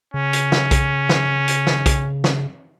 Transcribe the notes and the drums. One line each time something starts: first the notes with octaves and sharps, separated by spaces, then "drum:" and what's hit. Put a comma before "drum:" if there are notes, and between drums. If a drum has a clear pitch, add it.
C#3 C#4
drum: hi-hat
drum: snare
drum: kick, hi-hat
drum: snare
drum: hi-hat
drum: snare
drum: kick, hi-hat
drum: snare